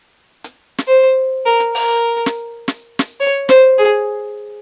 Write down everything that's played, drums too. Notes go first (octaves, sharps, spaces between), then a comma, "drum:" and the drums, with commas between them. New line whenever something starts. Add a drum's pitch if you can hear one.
drum: hi-hat
drum: snare
C5
A#4
drum: hi-hat
A#4, drum: open hi-hat
drum: snare
drum: snare
drum: snare
C#5
C5, drum: snare
G#4